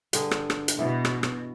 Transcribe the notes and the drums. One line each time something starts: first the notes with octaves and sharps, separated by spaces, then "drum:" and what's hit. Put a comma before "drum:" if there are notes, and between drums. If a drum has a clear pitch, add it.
G2 D3 G#4, drum: hi-hat
drum: rim click
drum: rim click
drum: hi-hat
B2 E3 B3
drum: rim click
drum: rim click